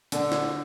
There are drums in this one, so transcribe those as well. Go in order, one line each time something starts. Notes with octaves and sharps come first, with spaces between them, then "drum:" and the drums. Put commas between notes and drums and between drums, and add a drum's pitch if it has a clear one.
D3, drum: hi-hat
drum: snare